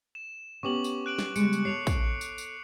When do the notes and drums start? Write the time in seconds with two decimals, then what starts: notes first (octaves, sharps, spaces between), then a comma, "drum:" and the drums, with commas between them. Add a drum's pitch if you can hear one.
0.15 E7
0.63 B3 C#4 G4 C#6 D6 F#7
0.84 drum: tambourine
1.06 F#6 D7 F#7
1.19 drum: snare
1.36 C#3 G3 G#3 C#7 D7, drum: tambourine
1.53 drum: tambourine
1.65 A4 C#5 C7 F7
1.87 drum: kick, tambourine
2.21 drum: tambourine
2.38 drum: tambourine